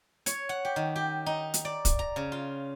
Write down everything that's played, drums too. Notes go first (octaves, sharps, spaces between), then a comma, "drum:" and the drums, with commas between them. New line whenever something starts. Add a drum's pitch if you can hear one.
C#5, drum: hi-hat
F#5
G4
D#3
G4
D#4
drum: hi-hat
D5
drum: kick, hi-hat
A#5
C#3
F4